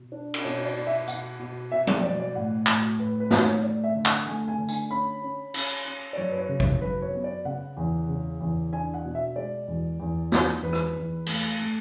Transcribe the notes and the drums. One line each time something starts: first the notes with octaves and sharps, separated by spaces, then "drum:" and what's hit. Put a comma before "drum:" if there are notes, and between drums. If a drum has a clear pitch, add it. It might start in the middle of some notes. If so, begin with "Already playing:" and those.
Already playing: B2
D4
drum: cymbal
B2 C#5
D5
B2
E5
B2 F#5, drum: tambourine
B2
B2 E5
D5, drum: tom F3
B2 D5
D5
A2 F#5
A2, drum: clap
A2 B4
B4
A2, drum: snare
C#5
A3 D5
E5
D3
F#5, drum: clap
A3 G#5
G#5
D3
G#5, drum: tambourine
C#4 B5
C#4
C#4, drum: cymbal
C#4
D5
F#2 C#5
B4
C#5
C#3
C#5, drum: kick G#1
F#2 B4
C#5
B3
D5
C#3 F#5
E2
C#3
E2
D4 G#5
F#5
B2
E5
G#3 D5
E2
E2
G#3, drum: snare
E2 B4
drum: rim click
E2
A3, drum: cymbal
A3